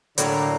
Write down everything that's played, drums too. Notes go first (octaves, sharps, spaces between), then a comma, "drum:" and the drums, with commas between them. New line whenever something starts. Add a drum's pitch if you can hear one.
A2 D3 F#3 A#3, drum: hi-hat